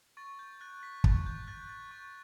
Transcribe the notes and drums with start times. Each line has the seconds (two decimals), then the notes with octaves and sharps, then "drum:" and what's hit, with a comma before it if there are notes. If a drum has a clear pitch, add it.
0.17 C#6 A6
0.39 G6
0.61 F#6 A6
0.83 B6
1.04 C#6 A6, drum: kick
1.26 G6
1.47 F#6 A6
1.69 A6
1.91 C#6